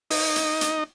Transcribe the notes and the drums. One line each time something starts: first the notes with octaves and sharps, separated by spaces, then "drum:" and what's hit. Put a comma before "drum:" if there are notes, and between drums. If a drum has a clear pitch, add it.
D#4, drum: open hi-hat
drum: hi-hat
drum: hi-hat